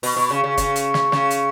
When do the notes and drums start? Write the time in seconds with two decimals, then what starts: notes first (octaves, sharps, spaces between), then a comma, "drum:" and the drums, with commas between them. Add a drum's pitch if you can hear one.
0.03 B2, drum: open hi-hat
0.16 B2
0.30 C#3
0.44 C#3
0.58 C#3, drum: kick F#1, hi-hat
0.76 drum: hi-hat
0.94 drum: snare
1.12 C#3, drum: snare
1.31 drum: hi-hat